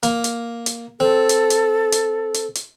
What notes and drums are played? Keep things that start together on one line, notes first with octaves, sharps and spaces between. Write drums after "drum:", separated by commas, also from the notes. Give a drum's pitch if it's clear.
A#3, drum: hi-hat
drum: hi-hat
drum: hi-hat
C4 A4
drum: hi-hat
drum: hi-hat
drum: hi-hat
drum: hi-hat
drum: hi-hat